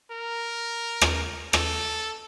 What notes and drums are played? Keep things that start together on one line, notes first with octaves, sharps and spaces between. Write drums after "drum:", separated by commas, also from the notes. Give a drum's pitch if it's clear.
A#4
drum: rim click
A4, drum: rim click